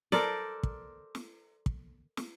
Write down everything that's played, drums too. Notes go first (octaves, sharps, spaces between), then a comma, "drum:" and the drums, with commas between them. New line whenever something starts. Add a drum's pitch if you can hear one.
A4 A#4 C5 D5, drum: snare
drum: kick
drum: snare
drum: kick
drum: snare